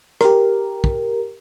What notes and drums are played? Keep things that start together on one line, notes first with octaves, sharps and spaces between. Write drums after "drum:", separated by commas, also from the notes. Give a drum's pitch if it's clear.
G4 A#4, drum: rim click
drum: kick